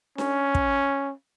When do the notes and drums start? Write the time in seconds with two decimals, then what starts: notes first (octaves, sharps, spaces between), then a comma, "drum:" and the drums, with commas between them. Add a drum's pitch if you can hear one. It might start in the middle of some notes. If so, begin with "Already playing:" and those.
0.18 C#4, drum: snare D4
0.55 drum: kick